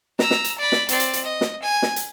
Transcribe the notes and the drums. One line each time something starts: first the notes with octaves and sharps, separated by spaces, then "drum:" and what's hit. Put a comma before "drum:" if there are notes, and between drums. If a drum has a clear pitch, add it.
A#5 E6, drum: snare
drum: snare
drum: hi-hat
D5 B5
drum: snare
C4 D5, drum: hi-hat
drum: hi-hat
drum: hi-hat
D#5
drum: snare
G#5
drum: snare
drum: hi-hat